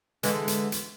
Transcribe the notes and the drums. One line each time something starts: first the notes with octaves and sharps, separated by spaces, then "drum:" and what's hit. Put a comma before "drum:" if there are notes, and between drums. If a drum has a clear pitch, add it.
D3 E3 G#3, drum: hi-hat
drum: hi-hat
drum: hi-hat